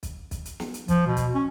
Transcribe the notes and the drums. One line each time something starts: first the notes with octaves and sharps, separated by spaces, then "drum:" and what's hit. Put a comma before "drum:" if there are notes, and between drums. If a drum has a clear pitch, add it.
drum: kick, hi-hat
drum: kick, hi-hat
drum: hi-hat
drum: snare
drum: hi-hat
F3, drum: kick, hi-hat
B2
drum: kick, hi-hat
C#4